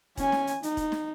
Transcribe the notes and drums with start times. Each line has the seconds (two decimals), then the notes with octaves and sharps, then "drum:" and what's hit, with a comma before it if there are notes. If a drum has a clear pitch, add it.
0.17 C#4 G#5, drum: kick E1, hi-hat
0.32 drum: snare
0.47 drum: hi-hat
0.63 D#4, drum: hi-hat
0.77 drum: kick E1, hi-hat
0.92 drum: snare